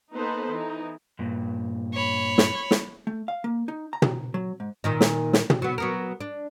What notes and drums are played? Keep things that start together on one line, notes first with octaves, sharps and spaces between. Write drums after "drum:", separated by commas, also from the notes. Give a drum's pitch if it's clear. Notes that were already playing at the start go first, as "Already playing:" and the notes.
A#3 B3 D#4 A4 B4 C5
E3 D#4
G2 A#2
C#5 B5
drum: snare
drum: snare
A3
F5
A#3
D#4
A#5
drum: tom
F#3
G#2
A#2 D#3 D#4
drum: snare
drum: snare
drum: tom
F#3 B3
F#3 B3 A#4
D4